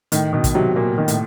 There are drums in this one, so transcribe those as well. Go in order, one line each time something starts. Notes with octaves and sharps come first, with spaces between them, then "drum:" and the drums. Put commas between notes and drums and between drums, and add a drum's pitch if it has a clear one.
A2 D#3, drum: hi-hat
B2 D#3
drum: kick, hi-hat
C3 F#3
A#2 A#3
D#3
A2, drum: hi-hat